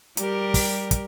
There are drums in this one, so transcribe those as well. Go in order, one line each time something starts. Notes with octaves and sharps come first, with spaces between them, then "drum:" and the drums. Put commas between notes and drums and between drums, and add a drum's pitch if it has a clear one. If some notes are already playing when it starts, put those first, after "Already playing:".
G3 G4 A#4, drum: hi-hat
drum: kick, open hi-hat
drum: kick, hi-hat